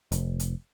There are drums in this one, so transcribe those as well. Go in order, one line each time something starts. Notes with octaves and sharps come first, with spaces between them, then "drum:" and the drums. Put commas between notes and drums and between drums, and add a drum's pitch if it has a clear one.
F1, drum: hi-hat
drum: hi-hat